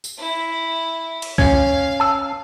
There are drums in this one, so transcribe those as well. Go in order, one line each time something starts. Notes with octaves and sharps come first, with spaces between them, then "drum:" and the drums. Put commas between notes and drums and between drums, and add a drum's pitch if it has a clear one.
drum: tambourine
E4
drum: cymbal
C#4 F5 G#6, drum: kick C2
A5 E6